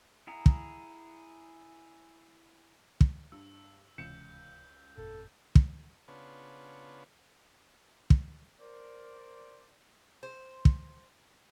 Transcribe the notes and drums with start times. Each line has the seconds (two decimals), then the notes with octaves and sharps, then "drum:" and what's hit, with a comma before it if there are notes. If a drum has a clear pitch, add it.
0.27 E4 G#4 F#5 A#5
0.46 drum: kick
3.01 drum: kick
3.32 G2 E6
3.98 D1 C#2 C3 E3 G6 C#7 E7
4.97 G1 F2 A#2 A4
5.55 drum: kick
6.08 C#3 B3 D4 F4 B4 C#5
8.10 drum: kick
8.59 A#4 C5 D5
10.23 C5
10.65 drum: kick